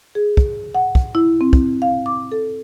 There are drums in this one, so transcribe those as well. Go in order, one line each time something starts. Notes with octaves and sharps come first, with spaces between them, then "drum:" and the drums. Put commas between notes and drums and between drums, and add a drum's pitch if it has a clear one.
G#4
drum: kick
F#5
drum: kick
E4
C4
drum: kick
F5
D6
A4